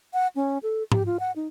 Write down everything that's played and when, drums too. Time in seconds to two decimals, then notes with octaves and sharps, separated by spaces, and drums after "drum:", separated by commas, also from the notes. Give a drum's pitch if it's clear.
0.14 F#5
0.36 C#4
0.63 A4
0.92 G4, drum: tom G#2
1.06 F4
1.20 F#5
1.36 D#4